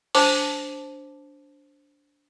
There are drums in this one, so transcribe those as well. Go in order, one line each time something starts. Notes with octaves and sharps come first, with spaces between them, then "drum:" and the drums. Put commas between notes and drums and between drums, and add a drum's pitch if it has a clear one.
D4 C5 A5 D6, drum: open hi-hat